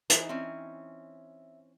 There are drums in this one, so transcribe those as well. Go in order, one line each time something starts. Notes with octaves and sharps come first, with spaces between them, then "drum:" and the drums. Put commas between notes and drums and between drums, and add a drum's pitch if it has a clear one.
E3 D#4 C5 G#5, drum: hi-hat
C4 C#4 E5